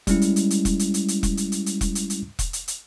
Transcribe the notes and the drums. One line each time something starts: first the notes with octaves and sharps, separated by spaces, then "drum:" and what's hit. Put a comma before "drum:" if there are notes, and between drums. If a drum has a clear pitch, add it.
G3 G#3 C#4 E4, drum: kick E1, hi-hat
drum: hi-hat
drum: hi-hat
drum: hi-hat
drum: kick E1, hi-hat
drum: hi-hat
drum: hi-hat
drum: hi-hat
drum: kick E1, hi-hat
drum: hi-hat
drum: hi-hat
drum: hi-hat
drum: kick E1, hi-hat
drum: hi-hat
drum: hi-hat
drum: kick E1, hi-hat
drum: hi-hat
drum: hi-hat